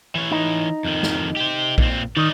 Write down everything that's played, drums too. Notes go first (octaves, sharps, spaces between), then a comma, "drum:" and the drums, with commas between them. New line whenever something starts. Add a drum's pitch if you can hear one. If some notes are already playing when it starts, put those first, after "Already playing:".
E3 C#5
D#4
F2 D#3
drum: snare
G4 C5
A#2 C4, drum: kick A#1
D#3 D#4 D5